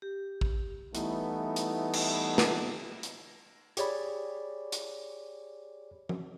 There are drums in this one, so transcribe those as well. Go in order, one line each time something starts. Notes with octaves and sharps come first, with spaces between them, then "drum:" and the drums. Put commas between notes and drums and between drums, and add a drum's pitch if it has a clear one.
G4
drum: kick A1
E3 G3 A3 B3 D#4 E4, drum: hi-hat
drum: hi-hat
drum: cymbal
drum: snare
drum: hi-hat
G4 G#4 C#5 D5 B5, drum: hi-hat
drum: hi-hat
drum: tom F3